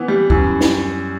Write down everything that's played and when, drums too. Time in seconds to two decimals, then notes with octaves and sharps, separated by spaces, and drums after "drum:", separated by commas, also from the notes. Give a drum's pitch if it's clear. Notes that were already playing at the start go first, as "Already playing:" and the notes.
Already playing: E3 B3
0.08 G3
0.30 F#2 E4, drum: kick
0.61 drum: snare